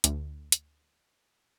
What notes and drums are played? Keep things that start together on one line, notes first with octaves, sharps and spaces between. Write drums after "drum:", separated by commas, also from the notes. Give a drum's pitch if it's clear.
D2, drum: hi-hat
drum: hi-hat